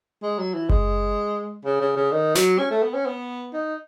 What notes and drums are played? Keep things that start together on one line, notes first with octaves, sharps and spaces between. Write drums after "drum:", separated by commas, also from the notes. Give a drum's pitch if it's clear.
G#3
F#3
E3
G#3, drum: kick F#1
C#3
C#3
C#3
D#3
F#3, drum: snare
C#4
A3
B3
C#4
B3
D#4